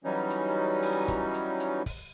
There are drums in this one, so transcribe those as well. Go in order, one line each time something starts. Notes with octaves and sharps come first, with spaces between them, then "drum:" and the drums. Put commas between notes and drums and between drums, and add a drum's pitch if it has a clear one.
E3 F#3 G3 C#4 D#4
drum: hi-hat
drum: open hi-hat
drum: kick, hi-hat
drum: hi-hat
drum: hi-hat
drum: kick, open hi-hat